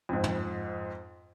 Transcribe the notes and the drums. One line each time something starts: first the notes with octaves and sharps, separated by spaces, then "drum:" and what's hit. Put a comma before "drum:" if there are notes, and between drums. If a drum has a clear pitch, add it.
F2 G#2
drum: tom